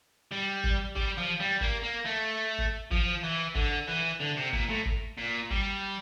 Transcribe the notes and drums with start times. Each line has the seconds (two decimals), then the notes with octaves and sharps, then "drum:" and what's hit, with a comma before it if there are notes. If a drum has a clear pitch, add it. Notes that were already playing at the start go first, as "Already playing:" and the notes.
0.31 G3
0.64 drum: kick G#1
0.96 G3, drum: kick G#1
1.18 F3
1.40 G3
1.61 A#3, drum: kick G#1
1.83 A#3
2.05 A3
2.58 drum: kick G#1
2.91 F3, drum: kick G#1
3.23 E3
3.55 D3, drum: kick G#1
3.88 E3
4.20 D3
4.37 C3
4.53 A#2, drum: kick G#1
4.69 A2
4.85 drum: kick G#1
5.18 A#2
5.51 G3, drum: kick G#1